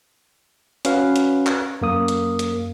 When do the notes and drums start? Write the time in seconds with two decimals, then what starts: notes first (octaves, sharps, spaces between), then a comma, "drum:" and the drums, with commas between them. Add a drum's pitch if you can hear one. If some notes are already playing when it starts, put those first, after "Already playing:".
0.85 C#4 F#4 B4 F5, drum: hi-hat
1.16 drum: hi-hat
1.47 drum: clap
1.81 F#2 A#3 D#6
2.08 drum: hi-hat
2.39 drum: hi-hat